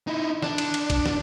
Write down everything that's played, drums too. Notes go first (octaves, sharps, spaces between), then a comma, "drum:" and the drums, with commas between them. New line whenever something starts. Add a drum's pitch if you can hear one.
D#4 E4
D4, drum: snare
drum: cymbal
drum: cymbal
drum: kick A#1, cymbal
drum: snare